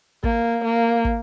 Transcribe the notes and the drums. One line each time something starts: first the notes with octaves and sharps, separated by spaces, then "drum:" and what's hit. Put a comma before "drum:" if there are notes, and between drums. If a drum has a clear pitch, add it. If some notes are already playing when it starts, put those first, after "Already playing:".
A#3, drum: kick
A#3
drum: kick